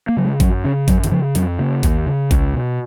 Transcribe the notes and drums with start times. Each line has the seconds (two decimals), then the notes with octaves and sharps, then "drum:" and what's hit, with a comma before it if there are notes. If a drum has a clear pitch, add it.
0.09 A#3
0.17 C#3 F#3
0.25 G#3
0.40 F#2 F#3, drum: kick G#1, hi-hat
0.64 C#3 C#4
0.88 F#2 F#3, drum: kick G#1, hi-hat
1.04 D#3, drum: hi-hat
1.12 C#3 F3
1.35 F2 F#3, drum: hi-hat
1.59 C#3 A#3
1.83 D#2, drum: kick G#1, hi-hat
2.07 C#3
2.31 C#2, drum: kick G#1, hi-hat
2.54 B2